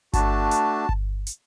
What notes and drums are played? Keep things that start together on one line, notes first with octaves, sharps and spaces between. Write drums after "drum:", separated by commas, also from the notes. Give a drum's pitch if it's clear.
A3 D4 F#4 A5, drum: kick G1, hi-hat
drum: hi-hat
drum: kick G1
drum: hi-hat